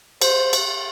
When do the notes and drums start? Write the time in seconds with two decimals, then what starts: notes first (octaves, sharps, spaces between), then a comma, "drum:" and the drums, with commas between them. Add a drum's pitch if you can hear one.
0.22 C5, drum: cymbal
0.53 drum: cymbal